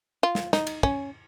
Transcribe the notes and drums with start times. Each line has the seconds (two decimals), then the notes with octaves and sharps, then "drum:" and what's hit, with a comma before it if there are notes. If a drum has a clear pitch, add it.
0.23 F4
0.35 drum: snare
0.53 D#4, drum: snare
0.67 drum: cymbal
0.83 C#4, drum: kick